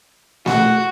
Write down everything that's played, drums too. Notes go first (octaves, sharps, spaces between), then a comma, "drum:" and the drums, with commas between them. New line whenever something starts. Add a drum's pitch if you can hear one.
F#4, drum: snare A3